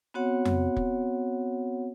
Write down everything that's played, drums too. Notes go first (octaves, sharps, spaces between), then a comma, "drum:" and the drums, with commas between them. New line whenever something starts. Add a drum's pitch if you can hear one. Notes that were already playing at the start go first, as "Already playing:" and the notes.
B3 C4 F#4 C#5 F#5
drum: tom F2
drum: kick